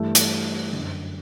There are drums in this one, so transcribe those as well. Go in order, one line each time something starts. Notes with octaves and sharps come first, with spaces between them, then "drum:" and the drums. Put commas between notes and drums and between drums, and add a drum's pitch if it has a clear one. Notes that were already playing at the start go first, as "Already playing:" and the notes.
Already playing: G2 E3 A3
drum: hi-hat
D3
F#2